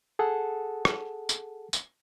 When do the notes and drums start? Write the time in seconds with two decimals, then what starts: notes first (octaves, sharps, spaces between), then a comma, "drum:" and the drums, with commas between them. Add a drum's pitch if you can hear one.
0.19 G#4 A4 F#5 A5
0.85 drum: rim click
1.29 drum: tambourine
1.73 drum: tambourine